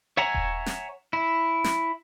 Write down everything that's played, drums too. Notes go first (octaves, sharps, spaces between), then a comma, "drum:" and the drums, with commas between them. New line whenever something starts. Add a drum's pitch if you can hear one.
C#5 E5 F#5 G#5 A#5
drum: kick D#1
drum: snare
E4
drum: snare